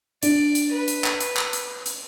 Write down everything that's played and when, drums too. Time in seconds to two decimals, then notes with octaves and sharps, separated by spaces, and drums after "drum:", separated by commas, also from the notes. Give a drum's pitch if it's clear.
0.23 D4 D5, drum: hi-hat
0.55 drum: hi-hat
0.72 B4
0.88 drum: hi-hat
1.04 drum: clap
1.20 drum: hi-hat
1.37 drum: clap
1.53 drum: hi-hat
1.86 drum: hi-hat